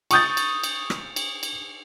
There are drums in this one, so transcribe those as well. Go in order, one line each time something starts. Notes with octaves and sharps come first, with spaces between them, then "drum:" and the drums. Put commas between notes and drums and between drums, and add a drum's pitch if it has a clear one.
C#6 D#6 G6 A6, drum: cymbal
drum: cymbal
drum: cymbal
drum: rim click
drum: cymbal
drum: cymbal